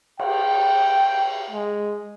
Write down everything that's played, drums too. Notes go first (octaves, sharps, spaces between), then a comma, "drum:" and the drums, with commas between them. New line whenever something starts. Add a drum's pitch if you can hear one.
G5, drum: cymbal
G#3